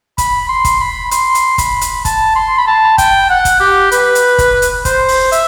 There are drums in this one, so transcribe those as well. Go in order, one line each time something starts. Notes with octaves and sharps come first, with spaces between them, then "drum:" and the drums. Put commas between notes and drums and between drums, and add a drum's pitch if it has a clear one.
B5, drum: kick, hi-hat
C6
drum: kick, hi-hat
B5
C6, drum: hi-hat
drum: hi-hat
B5, drum: kick, hi-hat
drum: hi-hat
A5, drum: kick, hi-hat
C6
B5
A5
G5, drum: kick, hi-hat
F#5
drum: kick, hi-hat
G4
B4, drum: hi-hat
drum: hi-hat
drum: kick, hi-hat
drum: hi-hat
C5, drum: kick, hi-hat
drum: open hi-hat
E5, drum: hi-hat